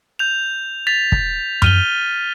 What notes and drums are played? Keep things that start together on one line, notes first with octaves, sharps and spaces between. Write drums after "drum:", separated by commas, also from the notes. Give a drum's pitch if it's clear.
G6 F7
A6 B6 F7
drum: kick
F6 D#7 G7, drum: tom F#2